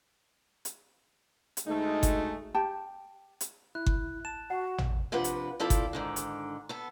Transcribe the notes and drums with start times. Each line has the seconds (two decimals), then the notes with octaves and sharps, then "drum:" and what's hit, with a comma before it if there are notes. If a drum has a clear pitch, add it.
0.65 drum: hi-hat
1.57 drum: hi-hat
1.67 D2 G#3 A3 D#4
2.03 drum: kick G1, hi-hat
2.55 G4 G5 A5
3.41 drum: hi-hat
3.75 E4 F#6
3.86 drum: kick G1
4.25 A5 E7
4.50 F#4 F#5
4.78 drum: tom
5.12 C3 F3 D4 B4 F#5
5.24 drum: hi-hat
5.60 F3 C4 E4 A4 D5 F5
5.70 drum: kick G1, hi-hat
5.93 G#2 D3 D#3
6.16 drum: hi-hat
6.69 B3 A4